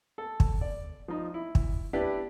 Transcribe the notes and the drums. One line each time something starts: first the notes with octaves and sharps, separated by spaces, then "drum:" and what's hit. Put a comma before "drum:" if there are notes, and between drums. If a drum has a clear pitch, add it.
A4
drum: kick
D5
F3 D#4
E4
drum: kick
D4 E4 G4 B4